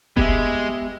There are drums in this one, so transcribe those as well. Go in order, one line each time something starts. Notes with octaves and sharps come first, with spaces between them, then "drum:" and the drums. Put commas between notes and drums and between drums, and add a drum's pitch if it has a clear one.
G#3 B3 G4 E5, drum: kick F1